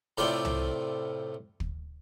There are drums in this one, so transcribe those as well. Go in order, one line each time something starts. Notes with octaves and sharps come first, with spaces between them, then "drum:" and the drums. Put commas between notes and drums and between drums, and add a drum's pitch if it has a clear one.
A2 C3 A3 F4 C5 D5
drum: tom C2
drum: kick